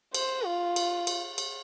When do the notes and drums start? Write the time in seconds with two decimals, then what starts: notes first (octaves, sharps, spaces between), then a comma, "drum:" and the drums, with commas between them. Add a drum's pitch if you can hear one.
0.14 C5, drum: cymbal
0.45 F4
0.76 drum: cymbal
1.07 drum: cymbal
1.38 drum: cymbal